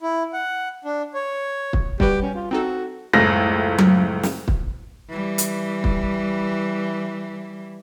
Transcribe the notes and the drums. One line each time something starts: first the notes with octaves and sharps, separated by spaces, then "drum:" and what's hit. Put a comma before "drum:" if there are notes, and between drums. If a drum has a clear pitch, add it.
E4
F#5
D4
C#5
drum: kick
G3 F#4 G4 B4, drum: kick
C#4
F4
C4 D#4 F#4 A4
F#1 C#2 A2 A3 A#6
drum: tom F#3
drum: snare
drum: kick
E3 G3
drum: hi-hat
drum: kick